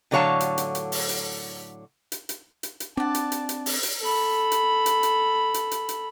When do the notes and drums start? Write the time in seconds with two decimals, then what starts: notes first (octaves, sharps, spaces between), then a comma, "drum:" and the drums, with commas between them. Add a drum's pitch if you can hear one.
0.11 A2 D3 F#3 C#5 F5 A5
0.40 drum: hi-hat
0.58 drum: hi-hat
0.75 drum: hi-hat
0.92 drum: open hi-hat
1.09 drum: hi-hat
2.12 drum: hi-hat
2.29 drum: hi-hat
2.63 drum: hi-hat
2.80 drum: hi-hat
2.97 C4 D4 D5 F#5 A5
3.15 drum: hi-hat
3.32 drum: hi-hat
3.49 drum: hi-hat
3.66 drum: open hi-hat
3.83 drum: hi-hat
4.01 A4 B5
4.52 drum: hi-hat
4.86 drum: hi-hat
5.03 drum: hi-hat
5.54 drum: hi-hat
5.71 drum: hi-hat
5.89 drum: hi-hat